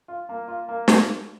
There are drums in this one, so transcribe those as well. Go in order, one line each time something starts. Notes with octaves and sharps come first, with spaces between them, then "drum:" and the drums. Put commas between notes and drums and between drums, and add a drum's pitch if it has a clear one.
F4
A#3
F4
A#3
drum: snare